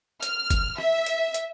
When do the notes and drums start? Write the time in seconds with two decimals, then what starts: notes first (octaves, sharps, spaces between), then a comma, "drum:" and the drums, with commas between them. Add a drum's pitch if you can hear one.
0.23 F6, drum: hi-hat
0.50 drum: kick F#1, hi-hat
0.78 E5, drum: rim click
1.06 drum: hi-hat
1.34 drum: hi-hat